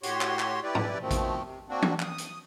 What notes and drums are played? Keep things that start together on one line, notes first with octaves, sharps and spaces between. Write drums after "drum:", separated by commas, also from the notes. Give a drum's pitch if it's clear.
A2 F#4 G4 C#5 C6, drum: hi-hat
drum: clap
drum: clap
E4 G4 B4 D5
drum: tom G#2
B2 D#3 F3 A3 C4
drum: kick A1, hi-hat
C3
A#3 C4 D4 F#4
drum: tom E3
D#6, drum: clap
drum: hi-hat